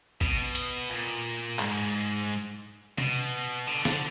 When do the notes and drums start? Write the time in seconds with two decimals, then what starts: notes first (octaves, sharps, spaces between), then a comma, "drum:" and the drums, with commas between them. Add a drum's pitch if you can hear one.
0.21 B2, drum: kick
0.55 drum: hi-hat
0.90 A#2
1.59 G#2, drum: clap
2.98 B2, drum: tom C3
3.67 D3
3.85 D3, drum: snare